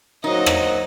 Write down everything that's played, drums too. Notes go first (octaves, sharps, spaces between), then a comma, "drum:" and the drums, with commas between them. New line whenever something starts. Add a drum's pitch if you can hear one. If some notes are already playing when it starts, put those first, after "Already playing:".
A#2 F#3 D#4 A#4 C5 D#5
drum: rim click